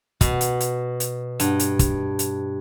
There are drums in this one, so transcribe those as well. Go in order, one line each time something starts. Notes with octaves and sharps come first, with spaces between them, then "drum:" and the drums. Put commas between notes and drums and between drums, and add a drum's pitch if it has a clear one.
B2, drum: kick, hi-hat
drum: hi-hat
drum: hi-hat
drum: hi-hat
G2, drum: hi-hat
drum: hi-hat
drum: kick, hi-hat
drum: hi-hat